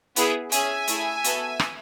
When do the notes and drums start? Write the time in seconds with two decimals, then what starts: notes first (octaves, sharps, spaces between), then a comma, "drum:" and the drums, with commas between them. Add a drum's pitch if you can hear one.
0.16 B3 E4 G#4, drum: hi-hat
0.52 C#4 G#4 E5 G#5, drum: hi-hat
0.88 A3 E4 G#4, drum: hi-hat
1.24 B3 F#4 A4, drum: hi-hat
1.60 drum: rim click